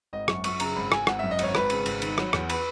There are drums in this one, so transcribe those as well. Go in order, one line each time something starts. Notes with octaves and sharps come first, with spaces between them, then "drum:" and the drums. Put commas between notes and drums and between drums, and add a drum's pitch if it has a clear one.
G#1 D#5
F#2 C#6, drum: rim click
F#2 C#6, drum: cymbal
C#3 A#5, drum: cymbal
G#1 B5
G#1 G#5, drum: rim click
G#1 F#5, drum: rim click
F#2 E5
D#5
G#1 C#5, drum: cymbal
G#1 B4, drum: rim click
C#3, drum: cymbal
G#1, drum: cymbal
D#3, drum: cymbal
F#3, drum: rim click
E2, drum: rim click
B4, drum: cymbal